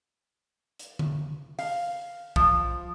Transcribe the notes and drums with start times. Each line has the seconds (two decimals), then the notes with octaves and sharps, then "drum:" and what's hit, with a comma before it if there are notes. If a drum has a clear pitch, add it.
0.79 drum: hi-hat
0.99 drum: tom D3
1.59 F5, drum: open hi-hat
2.36 F3, drum: kick